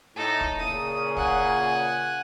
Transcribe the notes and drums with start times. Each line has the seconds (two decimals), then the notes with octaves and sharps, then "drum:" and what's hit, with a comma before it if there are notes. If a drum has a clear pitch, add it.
0.16 A2 D#4 A4
0.41 drum: kick
0.59 A#2 C#3 D#6
1.17 F#5 G#5, drum: kick